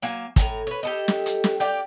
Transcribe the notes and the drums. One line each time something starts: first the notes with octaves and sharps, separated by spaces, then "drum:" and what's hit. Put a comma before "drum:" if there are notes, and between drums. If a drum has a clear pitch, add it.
F#3 A#3 F5 G#5
A2 C#3 G#5 A#5, drum: kick, hi-hat
B4 C#5
G4 A4 D#5
drum: snare
drum: hi-hat
drum: snare
G4 D5 F5 G5